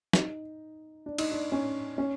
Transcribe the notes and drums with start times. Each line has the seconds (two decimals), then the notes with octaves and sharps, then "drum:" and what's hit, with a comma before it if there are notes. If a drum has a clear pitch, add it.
0.13 D#4, drum: snare
1.06 D4
1.18 D#4, drum: cymbal
1.32 D4
1.52 C#4
1.98 C#4